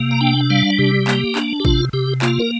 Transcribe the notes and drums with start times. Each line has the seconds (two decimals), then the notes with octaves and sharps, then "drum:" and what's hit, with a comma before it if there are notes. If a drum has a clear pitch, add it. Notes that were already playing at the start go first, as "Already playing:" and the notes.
Already playing: C3 A#3
0.11 A#5
0.21 D4 G5
0.50 G3 F5
0.78 C3 G4
1.07 A#3, drum: clap
1.35 D4, drum: clap
1.60 G4
1.65 C3 F4, drum: kick A1
1.93 C3 G4
2.22 A#3 F4, drum: clap
2.39 A#4